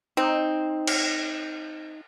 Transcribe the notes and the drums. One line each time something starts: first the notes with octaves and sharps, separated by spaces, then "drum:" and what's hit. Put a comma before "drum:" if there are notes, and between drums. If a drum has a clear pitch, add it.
C4 D#4
drum: cymbal